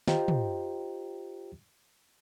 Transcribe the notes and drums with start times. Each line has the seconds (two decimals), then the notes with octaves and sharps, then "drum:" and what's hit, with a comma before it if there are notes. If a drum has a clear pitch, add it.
0.08 F4 G4 C5 D#5 G5 A#5, drum: snare
0.28 drum: tom